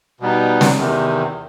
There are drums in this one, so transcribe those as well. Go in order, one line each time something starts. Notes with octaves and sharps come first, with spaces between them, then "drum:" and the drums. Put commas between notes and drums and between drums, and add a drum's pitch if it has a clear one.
B2 G3 B3 D#4
drum: snare
E2 C3 D#3